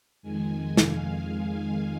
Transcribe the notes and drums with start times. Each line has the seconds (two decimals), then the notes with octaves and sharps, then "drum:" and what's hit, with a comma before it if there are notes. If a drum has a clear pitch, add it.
0.22 F2 D#3 G#3 G#5
0.77 F5, drum: snare